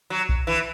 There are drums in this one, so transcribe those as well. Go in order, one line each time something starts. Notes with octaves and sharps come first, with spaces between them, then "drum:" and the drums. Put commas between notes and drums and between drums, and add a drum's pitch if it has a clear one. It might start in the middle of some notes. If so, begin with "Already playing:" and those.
F#3
drum: kick B1
E3